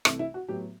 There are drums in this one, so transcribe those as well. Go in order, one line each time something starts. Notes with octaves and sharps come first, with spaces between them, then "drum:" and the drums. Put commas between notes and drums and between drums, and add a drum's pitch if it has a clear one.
C2 C3 E3 A3 E4, drum: rim click
E4
F#4
A2 F#3 B3 G4